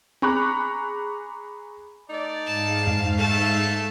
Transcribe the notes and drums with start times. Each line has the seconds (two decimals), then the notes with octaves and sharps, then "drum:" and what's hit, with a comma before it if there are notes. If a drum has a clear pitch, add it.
0.22 G#4 A#5 B5 C#6 D6 F#6, drum: tom C4
2.10 A3 D#4 D5
2.46 G#2 F5 A5
2.87 drum: tom F2
3.18 A3 A5